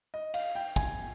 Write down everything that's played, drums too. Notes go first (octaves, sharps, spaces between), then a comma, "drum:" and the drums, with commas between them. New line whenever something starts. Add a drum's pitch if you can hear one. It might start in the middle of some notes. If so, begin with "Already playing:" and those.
D#5
F5, drum: cymbal
G5
G#5, drum: kick